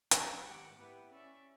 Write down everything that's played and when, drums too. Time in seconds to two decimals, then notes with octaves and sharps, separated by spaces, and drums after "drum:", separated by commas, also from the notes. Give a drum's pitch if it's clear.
0.11 C#3 F#6, drum: hi-hat
0.44 G#2 D#3 G4 F#5 D6
0.76 B3 E4 G4 B4
1.12 C#4 D5 E5